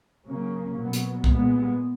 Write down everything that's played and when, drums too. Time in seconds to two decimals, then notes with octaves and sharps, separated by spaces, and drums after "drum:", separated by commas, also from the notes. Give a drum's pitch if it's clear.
0.27 C#3 F#3 A#3 C#4
0.77 B2 F#3 B3
0.93 drum: hi-hat
1.24 A#2 G#3 B3, drum: kick C2